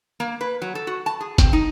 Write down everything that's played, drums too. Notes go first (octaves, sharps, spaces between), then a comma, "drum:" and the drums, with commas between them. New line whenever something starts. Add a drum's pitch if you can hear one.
A#3
B4
F#3
A4
F#4
A5
G#4
C4, drum: kick, hi-hat
D#4